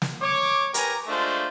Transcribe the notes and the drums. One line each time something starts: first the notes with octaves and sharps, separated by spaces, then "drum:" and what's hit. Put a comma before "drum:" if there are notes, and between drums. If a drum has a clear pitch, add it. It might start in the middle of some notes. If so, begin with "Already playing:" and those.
drum: snare
C#5 D6
G4 A#4 B4 G#5 A#5, drum: hi-hat
G#3 A3 D4 F4 C5